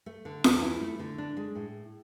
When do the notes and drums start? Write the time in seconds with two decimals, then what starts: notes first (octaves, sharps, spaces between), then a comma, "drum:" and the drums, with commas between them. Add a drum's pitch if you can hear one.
0.06 A3
0.25 D3
0.44 E2, drum: snare F4
0.63 E4
0.81 A3
0.99 D3
1.18 D4
1.37 G#3
1.55 A2